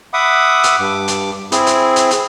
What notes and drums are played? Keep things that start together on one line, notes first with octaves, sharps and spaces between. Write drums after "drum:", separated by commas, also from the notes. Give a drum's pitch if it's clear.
E5 F#5 B5 D6 D#6
drum: hi-hat
G2 D6
drum: hi-hat
C4 E4 G#4, drum: hi-hat
drum: hi-hat
drum: hi-hat
drum: hi-hat